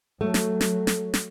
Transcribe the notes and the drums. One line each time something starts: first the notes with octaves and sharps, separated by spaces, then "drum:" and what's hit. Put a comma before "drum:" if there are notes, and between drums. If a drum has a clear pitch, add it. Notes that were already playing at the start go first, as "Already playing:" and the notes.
F#3 A3
drum: snare
drum: snare
drum: snare
drum: snare